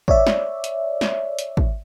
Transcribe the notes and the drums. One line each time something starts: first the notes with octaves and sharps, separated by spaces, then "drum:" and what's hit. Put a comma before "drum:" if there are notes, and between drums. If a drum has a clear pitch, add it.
C#5 D5 E5, drum: kick
drum: snare
drum: hi-hat
drum: snare
drum: hi-hat
drum: kick